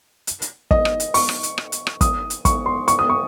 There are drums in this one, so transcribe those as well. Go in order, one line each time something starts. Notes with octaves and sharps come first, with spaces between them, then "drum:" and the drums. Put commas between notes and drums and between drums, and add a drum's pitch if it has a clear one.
drum: hi-hat
drum: hi-hat
D#5, drum: kick
drum: rim click
drum: hi-hat
C#6, drum: open hi-hat
drum: rim click
drum: hi-hat
drum: rim click
drum: hi-hat
drum: rim click
D#6, drum: kick, hi-hat
drum: hi-hat
C#6, drum: kick, hi-hat
C6
C#6, drum: hi-hat
D#6
C#6